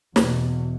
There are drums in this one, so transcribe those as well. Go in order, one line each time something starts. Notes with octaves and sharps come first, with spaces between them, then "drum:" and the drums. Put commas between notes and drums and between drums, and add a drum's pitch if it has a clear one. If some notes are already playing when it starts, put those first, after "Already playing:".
E2 B2, drum: snare